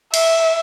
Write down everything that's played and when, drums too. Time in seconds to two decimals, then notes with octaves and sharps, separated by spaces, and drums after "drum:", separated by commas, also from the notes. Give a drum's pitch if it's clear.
0.14 E5, drum: cymbal